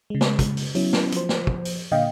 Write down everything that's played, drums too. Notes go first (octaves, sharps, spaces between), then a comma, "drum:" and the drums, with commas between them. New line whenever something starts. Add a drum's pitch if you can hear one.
C#3 G#3
drum: snare
drum: kick, hi-hat
drum: open hi-hat
F#3 B3 C#4 E4, drum: open hi-hat
drum: snare
F3 C5, drum: hi-hat
drum: snare
drum: kick
drum: open hi-hat
A#2 D3 D#5 F5 G5